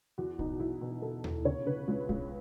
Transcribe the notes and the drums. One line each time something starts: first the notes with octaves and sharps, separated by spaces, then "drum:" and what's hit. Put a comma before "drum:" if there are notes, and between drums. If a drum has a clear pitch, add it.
E2 F#4
B2 D#4, drum: kick A#1
E2 E4
B2
B2 A4
E2, drum: tom D#2
C#3 C#5
C#3 B4
C#2
C#2, drum: kick A#1